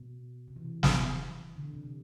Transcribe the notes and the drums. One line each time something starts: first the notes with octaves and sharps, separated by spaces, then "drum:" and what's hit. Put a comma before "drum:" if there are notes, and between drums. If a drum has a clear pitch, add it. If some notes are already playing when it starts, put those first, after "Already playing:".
Already playing: B2
C3
E3
C3
C3, drum: snare
D3
C3